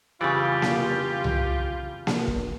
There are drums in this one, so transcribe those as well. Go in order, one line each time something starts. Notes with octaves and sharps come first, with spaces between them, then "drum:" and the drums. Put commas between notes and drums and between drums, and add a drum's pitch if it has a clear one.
F2 C#3 E3 G3 F4 G4 D5
drum: snare A#3
drum: tom C2
drum: snare A#3
drum: kick